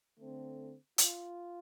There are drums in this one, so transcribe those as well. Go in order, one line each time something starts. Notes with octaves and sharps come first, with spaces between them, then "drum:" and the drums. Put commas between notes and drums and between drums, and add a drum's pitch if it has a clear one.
D3 A3 C4
F4, drum: hi-hat